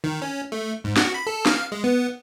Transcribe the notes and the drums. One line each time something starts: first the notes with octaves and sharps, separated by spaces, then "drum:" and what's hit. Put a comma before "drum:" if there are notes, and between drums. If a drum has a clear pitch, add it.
D#3
C#4
A3
G#2
F#4, drum: snare
B5
A4
F5, drum: snare
G#3
B3